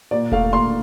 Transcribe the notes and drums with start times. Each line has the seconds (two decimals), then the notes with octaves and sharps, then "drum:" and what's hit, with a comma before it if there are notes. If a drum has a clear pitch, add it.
0.11 A#2 D5
0.32 A3 F5, drum: kick E1
0.53 A#2 C6